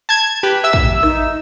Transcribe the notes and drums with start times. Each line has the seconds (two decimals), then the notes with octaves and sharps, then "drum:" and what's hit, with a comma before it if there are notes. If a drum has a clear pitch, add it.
0.09 A5 G#6
0.43 G4 B4
0.64 E5 E6
0.73 drum: kick
1.03 D#4, drum: rim click